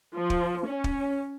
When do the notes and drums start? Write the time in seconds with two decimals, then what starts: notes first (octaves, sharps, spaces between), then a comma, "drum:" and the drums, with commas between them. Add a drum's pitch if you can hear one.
0.16 F3
0.30 drum: kick
0.67 C#4
0.84 drum: kick